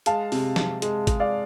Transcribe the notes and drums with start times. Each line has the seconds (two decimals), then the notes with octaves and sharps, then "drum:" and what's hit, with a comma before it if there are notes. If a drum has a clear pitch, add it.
0.06 G#3 F5 A5, drum: hi-hat
0.32 C3, drum: open hi-hat
0.56 C3, drum: snare
0.82 G#3, drum: hi-hat
1.07 G#3, drum: kick G#1, hi-hat
1.20 D5 F5